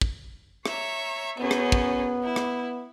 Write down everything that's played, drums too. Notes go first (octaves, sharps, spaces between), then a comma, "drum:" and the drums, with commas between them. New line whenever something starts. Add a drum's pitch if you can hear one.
drum: kick
C#5 E5 A#5, drum: rim click
F#2 B3 C#4 G#4
drum: rim click
drum: kick
E4
drum: rim click